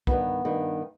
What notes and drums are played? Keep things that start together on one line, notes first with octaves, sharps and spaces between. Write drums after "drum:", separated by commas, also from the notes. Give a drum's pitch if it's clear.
G2 D#3 B3, drum: kick
G2 D#3